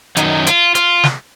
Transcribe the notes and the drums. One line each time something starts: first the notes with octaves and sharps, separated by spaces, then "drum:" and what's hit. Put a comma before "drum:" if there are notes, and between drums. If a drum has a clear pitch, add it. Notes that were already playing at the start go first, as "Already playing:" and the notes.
F#2 D#3 F#3 D#4, drum: hi-hat
F4, drum: hi-hat
F4, drum: hi-hat
drum: snare